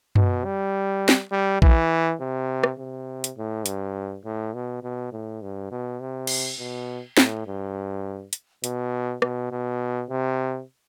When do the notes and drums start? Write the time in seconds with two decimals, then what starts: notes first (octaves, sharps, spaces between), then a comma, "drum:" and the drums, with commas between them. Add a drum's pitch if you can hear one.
0.15 B2, drum: tom F#2
0.45 G3
1.09 drum: snare
1.32 G3
1.62 E3, drum: kick A#1
2.20 C3
2.64 drum: rim click
2.79 C3
3.24 drum: hi-hat
3.38 A2
3.66 G2, drum: hi-hat
4.25 A2
4.54 B2
4.83 B2
5.12 A2
5.42 G2
5.71 B2
6.00 C3
6.27 drum: cymbal
6.59 B2
7.17 A2, drum: snare
7.47 G2
8.33 drum: hi-hat
8.64 B2, drum: hi-hat
9.22 B2, drum: rim click
9.51 B2
10.09 C3